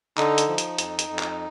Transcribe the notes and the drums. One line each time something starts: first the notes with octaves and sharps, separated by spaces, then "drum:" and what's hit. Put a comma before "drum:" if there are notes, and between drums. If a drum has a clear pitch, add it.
D3 D#4, drum: clap
drum: hi-hat
F3
drum: hi-hat
F2, drum: hi-hat
drum: hi-hat
F2
drum: clap